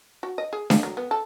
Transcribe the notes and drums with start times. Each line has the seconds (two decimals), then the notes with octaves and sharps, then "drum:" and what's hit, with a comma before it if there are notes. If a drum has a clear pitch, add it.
0.23 F#4
0.38 D#5
0.53 G#4
0.70 F5, drum: snare D4
0.83 F#3
0.97 B3
1.11 A4